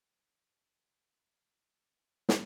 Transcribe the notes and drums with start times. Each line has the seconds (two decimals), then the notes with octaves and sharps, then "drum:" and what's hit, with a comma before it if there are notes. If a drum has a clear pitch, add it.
1.42 G4
1.81 D#4 E4 F#4 D5
2.29 drum: snare